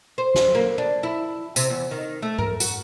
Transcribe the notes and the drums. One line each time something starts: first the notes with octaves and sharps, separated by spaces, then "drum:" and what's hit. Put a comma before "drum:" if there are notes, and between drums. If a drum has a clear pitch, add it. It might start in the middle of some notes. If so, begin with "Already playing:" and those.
C5
drum: snare
A#3
D4
E4
C3, drum: tambourine
E2
D#3
A3
A#4, drum: tom
F#4, drum: tambourine